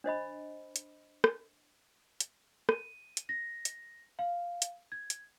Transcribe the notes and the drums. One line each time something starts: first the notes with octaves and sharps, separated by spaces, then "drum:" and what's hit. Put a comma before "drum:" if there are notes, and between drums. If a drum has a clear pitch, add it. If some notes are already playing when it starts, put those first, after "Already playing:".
D4 C5 D#5 B5
drum: hi-hat
drum: rim click
drum: hi-hat
D#7, drum: rim click
drum: hi-hat
A#6
drum: hi-hat
F5
drum: hi-hat
G#6
drum: hi-hat